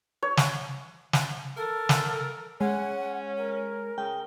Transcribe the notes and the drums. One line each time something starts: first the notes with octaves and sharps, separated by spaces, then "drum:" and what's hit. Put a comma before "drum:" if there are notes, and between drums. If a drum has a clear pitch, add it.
C#5
drum: snare
drum: snare
A4 A#4
drum: snare
G#3 C#4 F#5
A#4
C#3 G5